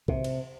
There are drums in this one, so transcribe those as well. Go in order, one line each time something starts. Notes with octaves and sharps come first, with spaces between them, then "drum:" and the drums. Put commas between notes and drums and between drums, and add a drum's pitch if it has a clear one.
C3, drum: kick B1
drum: cymbal